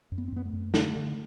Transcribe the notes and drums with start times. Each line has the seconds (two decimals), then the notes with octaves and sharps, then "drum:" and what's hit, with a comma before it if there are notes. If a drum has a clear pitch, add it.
0.12 F#2
0.18 B3
0.28 C4
0.32 F#2 B3
0.45 A3
0.53 F#2
0.74 D3 A3, drum: snare
0.95 D3